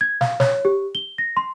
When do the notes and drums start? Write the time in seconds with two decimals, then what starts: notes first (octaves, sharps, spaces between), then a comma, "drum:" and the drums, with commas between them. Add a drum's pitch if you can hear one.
0.01 G#6
0.21 F5, drum: snare
0.40 C#5, drum: snare
0.65 G4
0.95 G7
1.18 A#6
1.37 C6